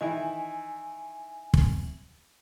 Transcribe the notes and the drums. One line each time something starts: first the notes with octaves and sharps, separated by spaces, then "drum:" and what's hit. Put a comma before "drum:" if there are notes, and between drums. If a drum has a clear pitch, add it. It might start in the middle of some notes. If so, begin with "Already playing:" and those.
D#3 E3 E4 D#5 G#5
drum: kick